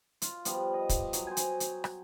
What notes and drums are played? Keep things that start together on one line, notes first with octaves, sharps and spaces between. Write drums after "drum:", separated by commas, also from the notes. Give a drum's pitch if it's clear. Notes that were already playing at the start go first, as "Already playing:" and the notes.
F4, drum: hi-hat
F3 G3 B3, drum: hi-hat
D#5
drum: kick, hi-hat
F#3, drum: hi-hat
C5 G#5
drum: hi-hat
drum: hi-hat
drum: rim click